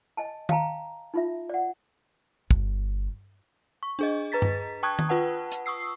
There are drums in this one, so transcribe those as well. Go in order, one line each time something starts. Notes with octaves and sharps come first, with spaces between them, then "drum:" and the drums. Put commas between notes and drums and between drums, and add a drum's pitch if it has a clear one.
D#5 G#5 A5
F5 G5 A5 A#5, drum: tom D#3
D#4 F4 E5
D5 F#5
G1, drum: kick
C#6
D4 G#4 D#5
B4 A#5 A6 B6
drum: tom G2
G5 A5 C#6 D#6 F#6 G#6
drum: tom D#3
F4 B4 F#5 A5
drum: hi-hat
C#6 D#6 E6 C7